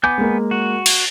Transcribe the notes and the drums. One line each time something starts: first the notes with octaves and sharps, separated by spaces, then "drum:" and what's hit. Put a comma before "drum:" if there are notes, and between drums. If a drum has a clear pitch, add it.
B3 G#5 D6 G6
G#3 A#3
F#4
drum: cymbal